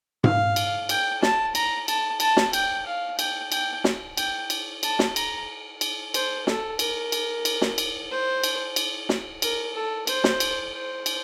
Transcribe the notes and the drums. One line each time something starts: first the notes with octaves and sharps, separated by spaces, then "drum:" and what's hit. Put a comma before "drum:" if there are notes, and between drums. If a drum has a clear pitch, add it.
F5, drum: tom G#2
drum: cymbal
G5, drum: cymbal
A5, drum: snare
A#5, drum: cymbal
A5, drum: cymbal
A5, drum: cymbal
drum: snare
G5, drum: cymbal
F5
G5, drum: cymbal
G5, drum: cymbal
drum: snare
G5, drum: cymbal
drum: cymbal
A5, drum: cymbal
drum: snare
A#5, drum: cymbal
drum: cymbal
C5, drum: cymbal
A4, drum: snare
A#4, drum: cymbal
drum: cymbal
drum: cymbal
drum: snare
drum: cymbal
C5
drum: cymbal
drum: cymbal
drum: snare
A#4, drum: cymbal
A4
C5, drum: cymbal
drum: snare
drum: cymbal
C5
drum: cymbal